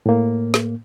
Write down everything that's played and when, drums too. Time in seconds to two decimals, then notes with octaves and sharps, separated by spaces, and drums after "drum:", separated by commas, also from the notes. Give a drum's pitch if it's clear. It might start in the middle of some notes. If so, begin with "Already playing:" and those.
0.06 A2 A#3
0.54 drum: snare